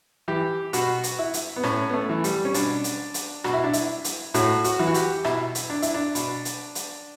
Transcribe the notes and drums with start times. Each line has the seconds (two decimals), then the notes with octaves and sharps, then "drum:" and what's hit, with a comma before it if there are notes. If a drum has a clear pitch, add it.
0.28 E3 G4
0.73 B2 F#4, drum: hi-hat
1.04 drum: hi-hat
1.19 E4
1.34 drum: hi-hat
1.56 B3
1.63 A2 C#4, drum: rim click
1.89 B3
1.94 A3
2.09 E3
2.24 G3, drum: hi-hat
2.45 C#4
2.54 B2 D4, drum: hi-hat
2.84 drum: hi-hat
3.14 drum: hi-hat
3.44 B2 F#4, drum: rim click
3.54 E4
3.64 D4
3.73 E4, drum: hi-hat
4.04 drum: hi-hat
4.34 A2 F#4, drum: hi-hat
4.64 F#4, drum: hi-hat
4.79 E3
4.88 F#4
4.94 G4, drum: hi-hat
5.24 B2 E4, drum: rim click
5.55 drum: hi-hat
5.70 D4
5.82 E4, drum: hi-hat
5.94 D4
6.15 B2, drum: hi-hat
6.45 drum: hi-hat
6.75 drum: hi-hat